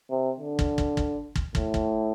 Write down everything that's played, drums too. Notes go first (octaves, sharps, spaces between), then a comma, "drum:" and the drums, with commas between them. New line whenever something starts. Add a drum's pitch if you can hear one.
C3
D3
drum: kick
drum: kick
drum: kick
drum: kick
A2, drum: kick
drum: kick